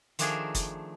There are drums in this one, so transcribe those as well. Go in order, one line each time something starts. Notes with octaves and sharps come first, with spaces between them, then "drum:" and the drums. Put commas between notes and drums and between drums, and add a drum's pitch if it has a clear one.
D#3 F3 A3 D4 G#4 A#4, drum: hi-hat
drum: kick F#1, hi-hat